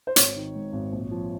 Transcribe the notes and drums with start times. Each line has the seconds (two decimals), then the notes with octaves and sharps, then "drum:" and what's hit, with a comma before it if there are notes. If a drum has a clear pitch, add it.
0.07 C5
0.16 G#1 C#5, drum: hi-hat
0.35 D#3
0.55 G#2
0.73 G#1
0.92 A#1
1.11 F3